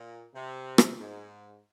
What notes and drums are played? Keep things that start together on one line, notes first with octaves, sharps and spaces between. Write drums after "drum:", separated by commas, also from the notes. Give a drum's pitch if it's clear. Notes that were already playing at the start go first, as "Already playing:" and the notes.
Already playing: A#2
C3
drum: rim click
G#2